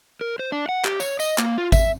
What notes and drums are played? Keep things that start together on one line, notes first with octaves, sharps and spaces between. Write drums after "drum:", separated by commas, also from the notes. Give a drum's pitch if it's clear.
A#4
C5
D4
F#5
G4, drum: clap
C#5, drum: tambourine
D#5, drum: tambourine
A#3, drum: clap
F4
E5, drum: kick G#1, tambourine